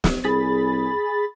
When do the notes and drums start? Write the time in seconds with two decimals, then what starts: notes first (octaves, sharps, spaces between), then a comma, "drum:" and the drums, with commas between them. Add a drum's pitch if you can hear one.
0.04 drum: snare
0.24 C2 G#4 B5 A6